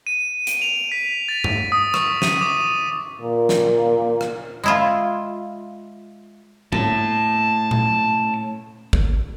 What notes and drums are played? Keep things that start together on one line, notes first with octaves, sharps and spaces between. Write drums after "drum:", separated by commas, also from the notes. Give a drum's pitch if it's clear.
D#7
D7, drum: hi-hat
F7
B6
A6
drum: tom G2
D#6
C#6, drum: rim click
D#7, drum: snare
D6
A#2
drum: snare
drum: rim click
G#3 E4 F4
A2 A5, drum: tom A2
drum: tom A#2
drum: kick G#1